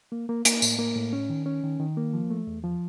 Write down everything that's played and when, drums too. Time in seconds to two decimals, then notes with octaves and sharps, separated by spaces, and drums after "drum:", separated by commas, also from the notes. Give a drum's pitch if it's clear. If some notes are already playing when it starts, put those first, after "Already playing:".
0.12 A#3
0.29 A#3
0.45 A#3, drum: hi-hat
0.62 A2, drum: tambourine
0.79 A#3
0.96 A2
1.13 C#4
1.30 D#3
1.46 C#4
1.63 D#3
1.79 D#3
1.97 A#3
2.13 F3
2.30 A3
2.47 E2
2.64 F3